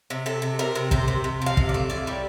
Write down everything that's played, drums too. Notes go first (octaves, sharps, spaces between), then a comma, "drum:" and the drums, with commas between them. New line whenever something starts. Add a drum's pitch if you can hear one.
C3
C3 A4
C3
C3 A#4
C3
C3 C5, drum: kick
C3
C3
F3 F5
C3, drum: kick
D5
A3
A2 D5
G3